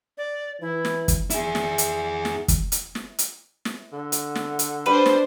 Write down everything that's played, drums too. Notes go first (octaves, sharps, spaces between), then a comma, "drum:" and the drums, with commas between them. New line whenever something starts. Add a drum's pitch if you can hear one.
D5
E3 E4
drum: snare
drum: kick, hi-hat
E4 G#4, drum: hi-hat
drum: snare
drum: hi-hat
drum: snare
drum: kick, hi-hat
drum: hi-hat
drum: snare
drum: hi-hat
drum: snare
D3
drum: hi-hat
drum: snare
drum: hi-hat
G3 D4 B4 C5
drum: snare